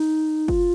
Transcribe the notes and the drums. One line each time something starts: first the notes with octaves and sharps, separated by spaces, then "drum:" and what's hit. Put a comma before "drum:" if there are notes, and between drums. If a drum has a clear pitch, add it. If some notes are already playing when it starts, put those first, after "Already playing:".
Already playing: D#4
F4, drum: kick